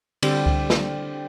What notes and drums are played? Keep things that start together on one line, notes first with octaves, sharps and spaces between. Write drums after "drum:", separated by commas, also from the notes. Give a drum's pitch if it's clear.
D3 G3 C4 G4, drum: cymbal
drum: kick C#2
drum: snare